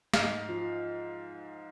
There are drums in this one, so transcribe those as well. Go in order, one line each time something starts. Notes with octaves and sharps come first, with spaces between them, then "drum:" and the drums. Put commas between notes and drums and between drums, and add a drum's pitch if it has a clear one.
G#2 F5, drum: snare
F3